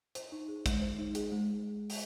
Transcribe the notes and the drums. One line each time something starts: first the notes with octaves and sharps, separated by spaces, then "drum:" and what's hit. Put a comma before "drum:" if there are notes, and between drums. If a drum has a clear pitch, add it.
C5, drum: hi-hat
D#4
G#4
G#3, drum: kick, hi-hat
C5
D#4
G#4, drum: hi-hat
G#3
drum: open hi-hat